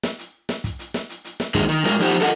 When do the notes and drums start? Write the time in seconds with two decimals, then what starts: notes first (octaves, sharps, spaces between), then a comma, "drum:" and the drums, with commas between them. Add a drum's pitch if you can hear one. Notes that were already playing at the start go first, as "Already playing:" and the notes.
0.03 drum: snare
0.19 drum: hi-hat
0.49 drum: snare
0.64 drum: kick, hi-hat
0.79 drum: hi-hat
0.94 drum: snare
1.09 drum: hi-hat
1.25 drum: hi-hat
1.40 drum: snare
1.54 E2 D#3 G#3, drum: kick, hi-hat
1.69 D#3, drum: hi-hat
1.85 A2 G#3 A#4, drum: snare
2.00 F3 D#4 G4 C5 F#5, drum: hi-hat
2.21 A4 A#4 D#5 F#5